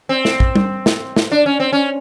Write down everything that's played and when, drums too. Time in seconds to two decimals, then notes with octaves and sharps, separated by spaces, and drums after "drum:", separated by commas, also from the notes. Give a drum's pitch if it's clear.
0.09 C4
0.25 drum: snare
0.40 drum: kick
0.56 drum: tom G3
0.86 drum: snare
1.16 drum: snare
1.32 D4
1.46 C#4
1.60 C4
1.73 C#4